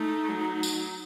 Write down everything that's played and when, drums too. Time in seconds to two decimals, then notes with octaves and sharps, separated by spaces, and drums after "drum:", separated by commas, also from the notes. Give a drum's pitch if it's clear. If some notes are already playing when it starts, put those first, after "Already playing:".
Already playing: A3 D#4
0.29 F#3
0.63 drum: tambourine